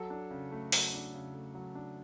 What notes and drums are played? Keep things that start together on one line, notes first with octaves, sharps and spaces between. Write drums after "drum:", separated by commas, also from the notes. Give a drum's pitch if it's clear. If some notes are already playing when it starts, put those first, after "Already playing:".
Already playing: F#3 A4
D4
C#3
A3
F#3, drum: open hi-hat
D4
C#3
A3
F#3
D4